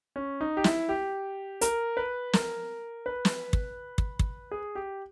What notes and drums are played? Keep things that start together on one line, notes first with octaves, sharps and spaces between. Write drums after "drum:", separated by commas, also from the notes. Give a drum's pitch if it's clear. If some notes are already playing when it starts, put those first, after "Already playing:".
C#4
D#4
G4
E4, drum: snare
G4
A#4, drum: hi-hat
B4
A#4, drum: snare
B4
drum: snare
drum: kick
drum: kick
drum: kick
G#4
G4